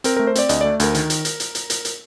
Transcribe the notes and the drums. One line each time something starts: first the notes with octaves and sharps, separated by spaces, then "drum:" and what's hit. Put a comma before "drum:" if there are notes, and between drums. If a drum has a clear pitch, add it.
C4 A#4, drum: hi-hat
A3 A#4
C5
C4 D5, drum: hi-hat
D2 D#5, drum: hi-hat
A3 D5
D2 A#4, drum: hi-hat
D#3, drum: hi-hat
drum: hi-hat
drum: hi-hat
drum: hi-hat
drum: hi-hat
drum: hi-hat
drum: hi-hat